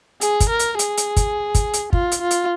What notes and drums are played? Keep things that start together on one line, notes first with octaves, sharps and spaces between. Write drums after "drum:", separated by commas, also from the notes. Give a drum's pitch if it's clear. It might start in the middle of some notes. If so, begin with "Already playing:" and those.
G#4, drum: hi-hat
drum: kick, hi-hat
A#4
drum: hi-hat
G#4, drum: hi-hat
drum: hi-hat
drum: kick, hi-hat
drum: kick, hi-hat
drum: hi-hat
F4, drum: kick
drum: hi-hat
F4
drum: hi-hat